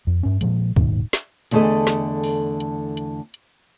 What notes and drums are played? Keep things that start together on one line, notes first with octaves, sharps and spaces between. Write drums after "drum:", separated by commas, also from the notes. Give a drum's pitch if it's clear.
F2
G2 C#4
A#2 F3 G#3, drum: hi-hat
D#1 G#2 B2 D#3, drum: kick
drum: snare
E2 D3 A3 G#4 A4 D#5, drum: hi-hat
drum: snare
drum: open hi-hat
drum: hi-hat
drum: hi-hat
drum: hi-hat